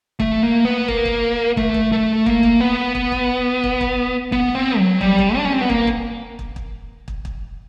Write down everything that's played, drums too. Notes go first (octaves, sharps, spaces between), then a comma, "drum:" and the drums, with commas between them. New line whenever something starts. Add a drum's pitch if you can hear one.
A3, drum: kick
A#3
B3
A#3, drum: kick
drum: kick
A3, drum: kick
drum: kick
A3
A#3, drum: kick
drum: kick
B3
drum: kick
drum: kick
drum: kick
drum: kick
B3, drum: kick
C4
F#3
G3, drum: kick
drum: kick
D4
C#4
C4
B3
A#3, drum: kick
drum: kick
drum: kick
drum: kick
drum: kick
drum: kick